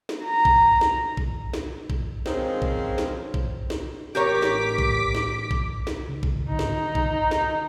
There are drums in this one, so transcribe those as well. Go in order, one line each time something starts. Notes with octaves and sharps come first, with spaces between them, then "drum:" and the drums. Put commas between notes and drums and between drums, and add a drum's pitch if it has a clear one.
drum: snare
A#5
drum: kick A#1
drum: snare
drum: kick A#1
drum: snare
drum: kick A#1
D#3 F3 G#3 C4 C#4, drum: snare
drum: kick A#1
drum: snare
drum: kick A#1
drum: snare
A1 G4 A#4 C#5 D6 B6
drum: snare
drum: kick A#1
drum: snare
drum: kick A#1
drum: snare
C#2 C#3
drum: kick A#1
G#2 D3 D#3 D#4
drum: snare
drum: kick A#1
drum: snare